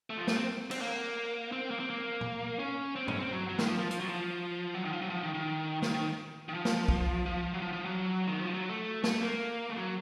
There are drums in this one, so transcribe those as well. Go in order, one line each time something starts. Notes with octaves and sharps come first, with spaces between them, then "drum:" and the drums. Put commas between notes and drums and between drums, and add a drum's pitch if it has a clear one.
A3
F3
A3, drum: snare
C4
C4, drum: cymbal
A#3
C4
A#3
C4
A#3
drum: tom A#2
C#4
C4
C#4, drum: tom
C4
F#3
F#3
D#3, drum: snare
F3
F3
F3, drum: hi-hat
F#3
F3
F#3
D#3
F3
F#3
F3
D#3
D#3
D#3, drum: snare
D#3
D#3
F3
drum: snare
drum: kick
F3
F#3
F3
F3
F#3
D#3
F3
F#3
A3
A3, drum: snare
A#3
A3
F#3